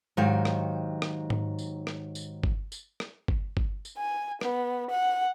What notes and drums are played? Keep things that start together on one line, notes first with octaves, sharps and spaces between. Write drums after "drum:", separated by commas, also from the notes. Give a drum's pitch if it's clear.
G#2 D#3 F#3 G4 F5
drum: rim click
drum: rim click
drum: tom G#2
drum: tambourine
drum: rim click
drum: tambourine
drum: kick G1
drum: tambourine
drum: rim click
drum: kick G1
drum: kick G1
drum: tambourine
G#5
B3, drum: rim click
F#5